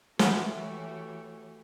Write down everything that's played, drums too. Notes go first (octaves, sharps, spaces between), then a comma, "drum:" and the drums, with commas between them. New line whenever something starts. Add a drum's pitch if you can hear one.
E3 A3 F#4 G4 C#5 E5 F#5, drum: snare